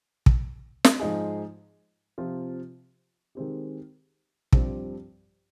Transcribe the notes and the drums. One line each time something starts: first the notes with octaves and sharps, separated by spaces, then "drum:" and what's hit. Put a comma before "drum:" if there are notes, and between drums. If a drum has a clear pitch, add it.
drum: kick
drum: snare
G#2 F3 G#3 D#4 G#4
C3 F3 C4 F4
D#3 G#3 C4 G4
G2 F3 C4 G4, drum: kick